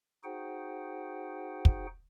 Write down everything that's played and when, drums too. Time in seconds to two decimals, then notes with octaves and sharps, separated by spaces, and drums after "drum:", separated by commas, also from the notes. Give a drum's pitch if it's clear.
0.24 D#4 F#4 G#4 C5 F#5 G5
1.65 drum: kick